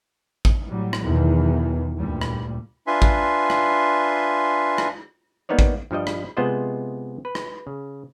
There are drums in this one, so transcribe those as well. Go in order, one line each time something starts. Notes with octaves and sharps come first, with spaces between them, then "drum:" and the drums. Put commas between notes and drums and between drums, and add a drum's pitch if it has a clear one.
drum: kick
A2 F#3 G3
drum: rim click
E2 B2 D#3 E3 F#3
D2 G2 A#2 G3
drum: rim click
D4 F4 B4 E5 G#5 C6
drum: kick
drum: rim click
drum: rim click
G3 A#3 B3 D#4 C#5 D5
drum: kick
G2 F3 G3 D#5
drum: rim click
C3 G#3 B3 F4 C5 D#5
B4
drum: rim click
C#3